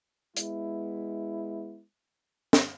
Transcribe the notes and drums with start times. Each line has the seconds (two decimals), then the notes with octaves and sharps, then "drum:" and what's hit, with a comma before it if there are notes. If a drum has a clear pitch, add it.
0.37 G#3 B3 E4, drum: hi-hat
2.53 drum: snare